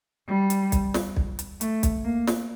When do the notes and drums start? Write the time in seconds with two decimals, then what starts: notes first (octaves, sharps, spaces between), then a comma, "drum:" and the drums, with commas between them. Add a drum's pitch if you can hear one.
0.27 G3
0.50 drum: hi-hat
0.72 drum: kick B1, hi-hat
0.94 drum: snare
1.16 drum: kick B1
1.39 drum: hi-hat
1.61 A3, drum: hi-hat
1.83 drum: kick B1, hi-hat
2.05 A#3
2.27 drum: snare